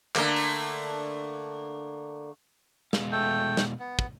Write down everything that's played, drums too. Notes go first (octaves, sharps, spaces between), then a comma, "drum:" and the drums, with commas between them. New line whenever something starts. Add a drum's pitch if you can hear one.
D3 A3 A#3, drum: clap
drum: open hi-hat
B2 G#3 F5, drum: snare
A3 A4 G5
drum: snare
B3
drum: kick